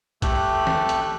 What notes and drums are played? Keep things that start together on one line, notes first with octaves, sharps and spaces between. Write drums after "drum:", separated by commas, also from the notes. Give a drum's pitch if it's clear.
A3 G4 A4 F#6, drum: kick A1, hi-hat
drum: snare
drum: hi-hat